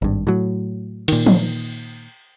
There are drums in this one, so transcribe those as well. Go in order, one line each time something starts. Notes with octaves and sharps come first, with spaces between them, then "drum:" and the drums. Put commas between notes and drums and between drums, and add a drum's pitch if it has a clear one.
G#1 G2
A2 F#3
A#2 D#3, drum: cymbal
drum: tom E3